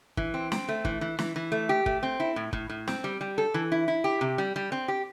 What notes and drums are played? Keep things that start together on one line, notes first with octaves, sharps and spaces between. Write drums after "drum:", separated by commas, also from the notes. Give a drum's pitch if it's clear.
E3, drum: kick
C4
C4, drum: snare
A3
E3, drum: kick
E3
E3, drum: snare
E3
A3
G4
A3, drum: kick
C4
E4
A2
A2, drum: kick
A2
C4, drum: snare
G3
G3
A4
E3
E4
E4
G4
C3
G3
G3
C4
G4